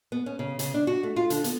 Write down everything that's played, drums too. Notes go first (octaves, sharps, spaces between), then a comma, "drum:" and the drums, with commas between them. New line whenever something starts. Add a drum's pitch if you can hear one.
B3
C#4
C#3
C#3, drum: hi-hat
D4
F#4
A3
F4
D3, drum: hi-hat
B3, drum: hi-hat